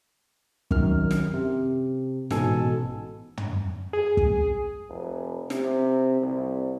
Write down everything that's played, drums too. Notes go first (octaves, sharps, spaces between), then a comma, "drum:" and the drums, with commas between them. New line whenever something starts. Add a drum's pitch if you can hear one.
F#2 D#3 F6, drum: kick
drum: snare
C3
A1 G#2 B2 A4 G#5, drum: snare
drum: tom
G#4
drum: kick
F1
C3, drum: snare
C2